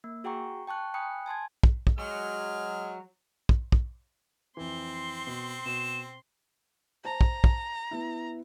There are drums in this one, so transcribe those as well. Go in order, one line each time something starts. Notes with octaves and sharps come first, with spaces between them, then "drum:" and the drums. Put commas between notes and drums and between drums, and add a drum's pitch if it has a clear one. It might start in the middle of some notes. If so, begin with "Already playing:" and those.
A#3
F#4 G#4 F#5 G5 A#5 C#6
G5 A5 C#6 F#6
G5 G#5 B5 D#6 F#6 C#7
G#5 A5 C6 G#6
drum: kick
drum: kick
F#3 G#3 G#4 F6
drum: kick
drum: kick
F2 E3 C4 C6
B2
B2 E7
C5 A5 A#5
drum: kick
drum: kick
B3 E4